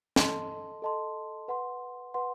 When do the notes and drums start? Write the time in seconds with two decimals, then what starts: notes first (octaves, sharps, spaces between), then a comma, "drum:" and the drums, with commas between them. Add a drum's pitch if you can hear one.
0.16 A4 D#5 A5 C6, drum: snare
0.82 A4 D#5 A5 C6
1.48 B4 F#5 C6
2.14 B4 F#5 C6